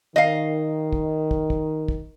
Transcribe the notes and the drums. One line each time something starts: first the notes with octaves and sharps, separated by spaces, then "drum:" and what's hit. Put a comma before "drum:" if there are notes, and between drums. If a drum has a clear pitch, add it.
D#3 D#5 F5
drum: kick
drum: kick
drum: kick
drum: kick